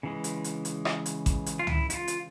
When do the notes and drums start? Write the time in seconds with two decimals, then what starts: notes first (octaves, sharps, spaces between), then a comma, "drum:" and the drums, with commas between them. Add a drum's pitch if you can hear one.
0.03 C#3 E3 G#3
0.24 drum: hi-hat
0.44 drum: hi-hat
0.65 drum: hi-hat
0.85 drum: rim click
1.06 drum: hi-hat
1.26 drum: kick A1, hi-hat
1.46 drum: hi-hat
1.59 F4
1.67 E4, drum: tom
1.90 E4, drum: hi-hat
1.94 F4
2.08 drum: hi-hat